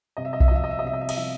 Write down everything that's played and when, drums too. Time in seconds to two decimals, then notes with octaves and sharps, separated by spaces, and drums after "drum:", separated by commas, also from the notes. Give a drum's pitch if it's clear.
0.17 C3 D#5
0.25 E5
0.33 D#5
0.40 E5, drum: kick B1
0.48 D#5
0.51 F3 E5
0.64 D#5
0.71 E5
0.79 D#5
0.84 C3 E5
0.93 D#5
1.01 E5
1.09 D#5, drum: cymbal
1.16 F3 E5